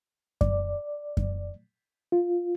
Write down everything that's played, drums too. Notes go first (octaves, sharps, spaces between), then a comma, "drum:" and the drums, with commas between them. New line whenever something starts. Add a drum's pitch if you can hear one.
D5, drum: kick F#2
drum: kick F#2
F4